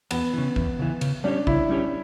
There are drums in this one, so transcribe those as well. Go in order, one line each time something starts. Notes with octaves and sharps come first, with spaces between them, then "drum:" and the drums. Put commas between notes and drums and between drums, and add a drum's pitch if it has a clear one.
E2 B3, drum: cymbal
C#3 E3
E2, drum: kick
C#3 E3
C#3, drum: cymbal
G3 C#4 D4 G4 C#5
C#3 E4, drum: kick
G3 C#4 G4 C#5